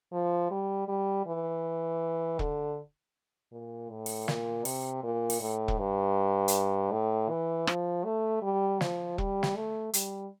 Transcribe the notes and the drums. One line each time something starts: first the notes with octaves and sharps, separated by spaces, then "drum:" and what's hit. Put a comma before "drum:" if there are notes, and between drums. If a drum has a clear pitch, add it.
F3
G3
G3
E3
D3, drum: kick E1
A#2
A2
drum: open hi-hat
A#2, drum: snare
C3, drum: open hi-hat
A#2
drum: open hi-hat
A2
drum: kick E1
G2
drum: hi-hat
A2
E3
F3, drum: rim click
A3
G3
F3, drum: snare
G3, drum: kick E1
drum: snare
A3
G3, drum: hi-hat